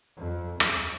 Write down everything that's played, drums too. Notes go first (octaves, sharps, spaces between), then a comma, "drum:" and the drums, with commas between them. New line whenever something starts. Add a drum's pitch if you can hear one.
F2
D#2, drum: rim click